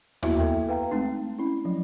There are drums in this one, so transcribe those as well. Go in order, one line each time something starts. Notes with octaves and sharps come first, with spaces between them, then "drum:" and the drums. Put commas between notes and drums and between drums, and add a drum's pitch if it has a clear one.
A#3 B3 E4 F#4 E5, drum: tom D#2
B3 A4 E5 G5
B4 F5 G5 A#5
G#3 A3 C4 D#4
C#4 E4
F3 F#3